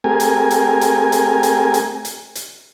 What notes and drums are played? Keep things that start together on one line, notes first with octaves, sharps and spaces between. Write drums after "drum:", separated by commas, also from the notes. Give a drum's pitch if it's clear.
A3 C4 G4 G#4 A#4 G#5
drum: hi-hat
drum: hi-hat
drum: hi-hat
drum: hi-hat
drum: hi-hat
drum: hi-hat
drum: hi-hat
drum: hi-hat